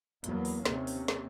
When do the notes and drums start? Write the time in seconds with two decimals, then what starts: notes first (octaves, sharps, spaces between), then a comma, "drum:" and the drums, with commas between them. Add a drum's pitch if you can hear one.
0.24 E2 F#3 A#3 B3, drum: hi-hat
0.45 drum: open hi-hat
0.65 D#2 C3 C#4, drum: snare
0.87 drum: open hi-hat
1.08 drum: snare